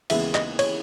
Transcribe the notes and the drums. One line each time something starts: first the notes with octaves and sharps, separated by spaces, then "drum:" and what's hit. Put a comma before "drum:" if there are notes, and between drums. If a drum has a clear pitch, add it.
D#2 C#3 E3 G#3 B3 E5, drum: cymbal
D#5, drum: clap
C#5, drum: cymbal